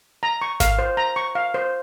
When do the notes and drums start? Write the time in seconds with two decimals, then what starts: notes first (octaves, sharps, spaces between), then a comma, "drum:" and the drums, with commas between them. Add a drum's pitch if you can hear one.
0.23 A#5
0.42 C#6
0.60 F5, drum: snare G#1
0.79 C5
0.97 A#5
1.16 C#6
1.35 F5
1.54 C5